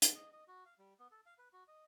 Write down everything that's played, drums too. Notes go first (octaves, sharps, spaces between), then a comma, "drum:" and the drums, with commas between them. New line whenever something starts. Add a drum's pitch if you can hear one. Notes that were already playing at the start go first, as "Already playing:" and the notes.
D5, drum: hi-hat
D#5
D#5
F#4
F5
G3
B3
A4
F5
B4
F#4
D#5